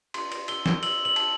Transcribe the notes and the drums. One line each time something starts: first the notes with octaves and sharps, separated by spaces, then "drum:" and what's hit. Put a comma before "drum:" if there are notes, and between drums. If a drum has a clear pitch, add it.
C6, drum: cymbal
drum: cymbal
E6 G7, drum: cymbal
drum: snare
E6 F#7, drum: cymbal
F#7
A5, drum: cymbal